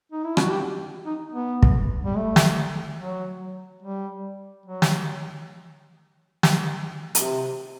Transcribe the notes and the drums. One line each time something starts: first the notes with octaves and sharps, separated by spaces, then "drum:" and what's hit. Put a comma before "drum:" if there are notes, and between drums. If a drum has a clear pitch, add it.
D#4
E4
F#4, drum: rim click
G4
D#4
B3
drum: kick
G3
A3
drum: snare
F#3
G3
F#3
drum: snare
drum: snare
C3, drum: hi-hat